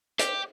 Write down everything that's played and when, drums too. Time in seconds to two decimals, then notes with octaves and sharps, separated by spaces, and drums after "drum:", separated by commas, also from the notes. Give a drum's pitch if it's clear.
0.19 G4, drum: hi-hat